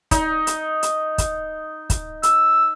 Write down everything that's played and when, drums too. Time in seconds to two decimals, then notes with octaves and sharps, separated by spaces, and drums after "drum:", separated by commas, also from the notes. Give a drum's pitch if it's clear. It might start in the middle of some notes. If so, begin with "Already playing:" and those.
0.11 D#4, drum: kick, hi-hat
0.47 drum: hi-hat
0.83 drum: hi-hat
1.18 drum: kick, hi-hat
1.90 drum: kick, hi-hat
2.23 E6, drum: hi-hat